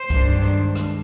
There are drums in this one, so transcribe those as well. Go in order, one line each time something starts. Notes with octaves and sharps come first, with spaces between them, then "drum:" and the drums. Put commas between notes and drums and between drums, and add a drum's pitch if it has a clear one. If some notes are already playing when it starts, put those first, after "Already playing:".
Already playing: C5
G2 D#3 G#3 D4, drum: kick C2, hi-hat
drum: hi-hat
drum: rim click